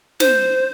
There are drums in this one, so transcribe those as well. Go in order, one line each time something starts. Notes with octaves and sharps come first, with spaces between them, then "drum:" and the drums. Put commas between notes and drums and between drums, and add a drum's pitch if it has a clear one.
C5, drum: snare